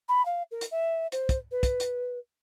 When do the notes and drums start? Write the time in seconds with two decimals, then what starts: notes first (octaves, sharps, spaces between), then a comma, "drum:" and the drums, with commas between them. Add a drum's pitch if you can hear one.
0.09 B5
0.26 F5
0.51 A#4
0.61 drum: hi-hat
0.71 E5
1.12 C5, drum: hi-hat
1.29 drum: kick, hi-hat
1.51 B4
1.63 drum: kick, hi-hat
1.80 drum: hi-hat